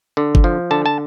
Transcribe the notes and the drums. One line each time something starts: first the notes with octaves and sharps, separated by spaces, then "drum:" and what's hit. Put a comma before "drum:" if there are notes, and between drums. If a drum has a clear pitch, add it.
D3
drum: kick G1
F3
D3 A5
A5